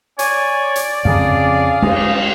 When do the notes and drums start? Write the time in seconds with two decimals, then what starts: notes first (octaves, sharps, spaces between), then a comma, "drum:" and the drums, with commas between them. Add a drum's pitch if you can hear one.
0.19 C#5 D5 G#5, drum: hi-hat
0.76 drum: hi-hat
1.05 F2 C#3 G#4 F5
1.82 G#3 D#5, drum: cymbal